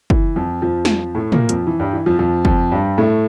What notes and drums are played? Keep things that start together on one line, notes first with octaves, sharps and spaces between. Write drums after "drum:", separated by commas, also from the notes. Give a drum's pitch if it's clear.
E3, drum: kick
F2 F3
F2 F3
drum: snare
A2 A3
A#2 A#3, drum: tom
F2 F3, drum: hi-hat
E3
G2 G3
E3
F2 F3
F2 F3
F2 F3, drum: kick
G2 G3
A2 A3